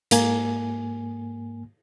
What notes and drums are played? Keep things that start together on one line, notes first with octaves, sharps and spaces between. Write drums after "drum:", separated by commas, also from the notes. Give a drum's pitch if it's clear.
G#2 A#3 G#5, drum: hi-hat